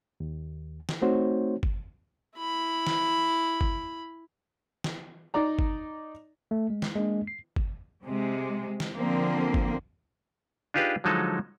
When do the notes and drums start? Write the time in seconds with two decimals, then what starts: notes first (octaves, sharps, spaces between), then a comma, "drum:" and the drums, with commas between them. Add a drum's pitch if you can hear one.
0.20 D#2
0.89 drum: snare
1.02 A3 C4 D#4 F#4 C5 C#5
1.63 drum: kick G1
2.38 E4 B5
2.87 drum: snare
3.61 drum: kick G1
4.84 drum: snare
5.34 D#4 D5 A#5
5.59 drum: kick G1
6.51 A3
6.70 G#3
6.82 drum: snare
6.95 G#3 A#3 D4
7.27 C7
7.56 drum: kick G1
8.05 C3 G#3
8.80 drum: snare
8.96 D3 F3 A#3 C4
9.54 drum: kick G1
10.74 D4 D#4 F4 G4 G#4 B4
11.04 D3 F3 F#3 G#3 D#4 A4